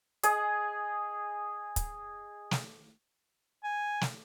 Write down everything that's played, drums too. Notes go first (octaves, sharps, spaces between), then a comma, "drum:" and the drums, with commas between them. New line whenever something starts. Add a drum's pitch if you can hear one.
G#4 D#5, drum: hi-hat
drum: kick, hi-hat
drum: snare
G#5
drum: snare